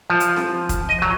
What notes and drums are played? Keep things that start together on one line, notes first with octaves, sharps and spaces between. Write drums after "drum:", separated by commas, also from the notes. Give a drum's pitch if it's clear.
F3
drum: hi-hat
drum: snare C4
drum: kick, hi-hat
D#5
F#3, drum: tom